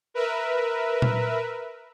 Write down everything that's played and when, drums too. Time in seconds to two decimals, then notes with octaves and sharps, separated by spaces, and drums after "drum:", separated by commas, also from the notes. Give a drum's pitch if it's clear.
0.14 A#4 B4 E5
1.02 drum: tom A#2